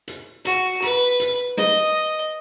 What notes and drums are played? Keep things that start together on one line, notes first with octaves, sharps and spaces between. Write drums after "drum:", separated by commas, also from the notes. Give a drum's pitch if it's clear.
drum: hi-hat
F#4, drum: hi-hat
B4, drum: hi-hat
drum: hi-hat
D#5, drum: snare